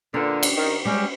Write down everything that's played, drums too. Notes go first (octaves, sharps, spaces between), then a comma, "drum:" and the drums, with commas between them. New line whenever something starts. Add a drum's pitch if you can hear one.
A#2 D3 D4 B4
drum: cymbal
D#3
G3 G#3 C#4 G4